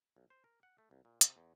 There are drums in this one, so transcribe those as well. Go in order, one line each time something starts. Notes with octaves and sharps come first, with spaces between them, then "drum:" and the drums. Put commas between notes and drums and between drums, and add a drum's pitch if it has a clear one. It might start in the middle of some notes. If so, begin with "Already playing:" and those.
B1
C5
A#4
F#5
A3
C2
A#2
C3, drum: hi-hat
E2